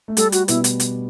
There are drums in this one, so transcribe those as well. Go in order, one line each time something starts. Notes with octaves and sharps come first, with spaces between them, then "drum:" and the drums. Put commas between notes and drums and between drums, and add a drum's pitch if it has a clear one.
A3
G3 A4, drum: hi-hat
F#4, drum: hi-hat
B2 B3 E4, drum: hi-hat
drum: hi-hat
drum: hi-hat